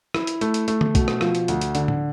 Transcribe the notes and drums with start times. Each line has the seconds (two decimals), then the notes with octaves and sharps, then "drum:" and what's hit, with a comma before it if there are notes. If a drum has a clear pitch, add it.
0.14 E4, drum: rim click
0.27 drum: hi-hat
0.41 A3, drum: hi-hat
0.54 drum: hi-hat
0.68 A3, drum: hi-hat
0.81 drum: tom
0.95 B2, drum: kick B1, hi-hat
1.08 drum: rim click
1.21 F3, drum: rim click
1.35 drum: hi-hat
1.48 D2, drum: hi-hat
1.61 drum: hi-hat
1.75 D3, drum: hi-hat
1.88 drum: tom A2